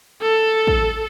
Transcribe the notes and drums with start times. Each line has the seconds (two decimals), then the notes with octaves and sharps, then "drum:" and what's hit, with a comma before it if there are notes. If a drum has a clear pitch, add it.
0.21 A4
0.67 drum: kick